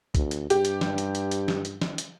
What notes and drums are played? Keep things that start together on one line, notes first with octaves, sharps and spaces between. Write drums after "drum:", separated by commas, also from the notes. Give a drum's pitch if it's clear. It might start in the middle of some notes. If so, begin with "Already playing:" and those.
D2, drum: kick B1, hi-hat
drum: hi-hat
G2 G4, drum: hi-hat
drum: hi-hat
drum: snare
drum: hi-hat
drum: hi-hat
drum: hi-hat
drum: snare
drum: hi-hat
drum: snare
drum: hi-hat